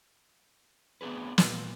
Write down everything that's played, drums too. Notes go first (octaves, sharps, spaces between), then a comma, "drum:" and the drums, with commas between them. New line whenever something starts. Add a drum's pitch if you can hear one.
B3 C4 D4 G#4 B4
A#2, drum: snare